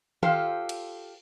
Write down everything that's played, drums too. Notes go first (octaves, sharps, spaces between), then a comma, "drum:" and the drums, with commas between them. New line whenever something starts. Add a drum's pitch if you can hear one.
F4 G4 A4 C5 F5, drum: tom D#3
drum: cymbal